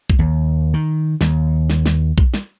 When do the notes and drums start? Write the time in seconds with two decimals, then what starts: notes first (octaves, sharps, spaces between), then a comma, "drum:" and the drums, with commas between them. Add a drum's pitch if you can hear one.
0.10 drum: kick A#1
0.19 D#2
0.74 D#3
1.21 D#2, drum: snare
1.70 drum: snare
1.86 drum: snare
2.18 drum: kick A#1
2.34 drum: snare